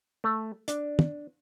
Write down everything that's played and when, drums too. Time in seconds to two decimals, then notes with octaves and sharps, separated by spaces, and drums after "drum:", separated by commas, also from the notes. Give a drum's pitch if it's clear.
0.24 A3
0.68 D4, drum: hi-hat
0.99 drum: tom